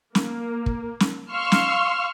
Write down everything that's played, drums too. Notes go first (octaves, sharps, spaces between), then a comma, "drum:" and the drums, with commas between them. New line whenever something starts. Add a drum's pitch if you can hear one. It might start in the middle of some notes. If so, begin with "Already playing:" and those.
A#3, drum: snare
drum: kick
drum: snare
F5 C6 C#6 E6 F6
drum: snare